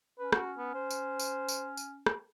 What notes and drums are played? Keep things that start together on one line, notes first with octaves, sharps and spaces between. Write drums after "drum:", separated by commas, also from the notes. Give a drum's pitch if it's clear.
C#4 B4
F#4, drum: rim click
B3
C5
drum: tambourine
drum: tambourine
drum: tambourine
drum: tambourine
drum: rim click